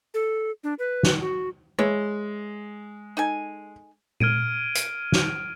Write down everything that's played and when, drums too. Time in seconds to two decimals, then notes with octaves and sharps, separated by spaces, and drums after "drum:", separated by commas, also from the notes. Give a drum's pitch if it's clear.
0.14 A4
0.64 D4
0.79 B4
1.03 drum: snare
1.21 F#4
1.79 G#3 E4 B4 C#5
3.17 D#4 A4 G#5
4.20 F6 G#6 D7 D#7, drum: tom A#2
4.75 drum: hi-hat
5.12 drum: snare